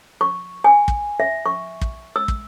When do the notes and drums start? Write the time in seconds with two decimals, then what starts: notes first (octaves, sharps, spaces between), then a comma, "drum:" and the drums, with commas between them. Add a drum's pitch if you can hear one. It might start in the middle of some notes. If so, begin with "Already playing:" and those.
0.21 C#6
0.64 G#5
0.88 drum: kick
1.20 E5
1.46 C#6
1.81 drum: kick
2.16 E6
2.28 drum: kick